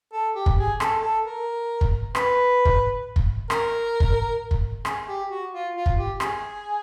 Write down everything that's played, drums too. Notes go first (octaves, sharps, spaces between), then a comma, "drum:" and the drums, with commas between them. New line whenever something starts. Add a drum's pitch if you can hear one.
A4
G4
drum: kick
G#4
A4, drum: rim click
A4
A#4
drum: kick
B4, drum: rim click
drum: kick
drum: kick
A#4, drum: rim click
drum: kick
drum: kick
G#4, drum: rim click
G4
F#4
F4
F4
drum: kick
G4
G#4, drum: rim click